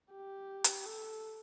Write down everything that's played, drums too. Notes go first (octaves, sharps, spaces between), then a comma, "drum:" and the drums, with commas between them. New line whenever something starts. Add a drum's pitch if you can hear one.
G4
drum: hi-hat
A4